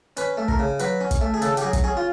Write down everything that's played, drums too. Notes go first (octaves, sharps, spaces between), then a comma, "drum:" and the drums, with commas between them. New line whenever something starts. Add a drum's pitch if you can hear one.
C#4 B4, drum: hi-hat
A3
A#4, drum: kick
C#3
F#3 B4, drum: hi-hat
C#4
drum: kick, hi-hat
A3
G#4
C#3 A4, drum: hi-hat
G4, drum: hi-hat
F#3 G#4
drum: kick, hi-hat
C#4 G#4
F4